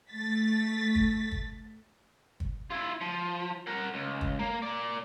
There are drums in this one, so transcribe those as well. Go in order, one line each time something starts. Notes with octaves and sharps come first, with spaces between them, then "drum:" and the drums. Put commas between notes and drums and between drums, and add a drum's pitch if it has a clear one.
A3 A6 B6
drum: kick
drum: kick
drum: kick
E4 F4
F3
A#4 F#5
C#2
drum: kick
A#3
A#3 D5